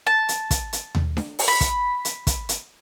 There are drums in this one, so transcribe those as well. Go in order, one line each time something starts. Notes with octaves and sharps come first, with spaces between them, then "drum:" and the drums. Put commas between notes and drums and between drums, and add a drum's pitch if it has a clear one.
A5
drum: hi-hat
drum: kick, hi-hat
drum: hi-hat
drum: tom D#2
drum: snare D4
drum: open hi-hat
B5
drum: kick, hi-hat
drum: hi-hat
drum: kick, hi-hat
drum: hi-hat